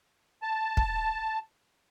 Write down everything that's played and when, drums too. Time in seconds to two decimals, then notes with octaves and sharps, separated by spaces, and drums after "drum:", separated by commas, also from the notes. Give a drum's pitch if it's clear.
0.42 A5
0.77 drum: kick